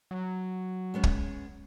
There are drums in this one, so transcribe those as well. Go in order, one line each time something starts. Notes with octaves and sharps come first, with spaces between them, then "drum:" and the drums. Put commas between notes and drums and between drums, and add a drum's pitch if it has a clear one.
F#3
G#3 B3 C#4
drum: kick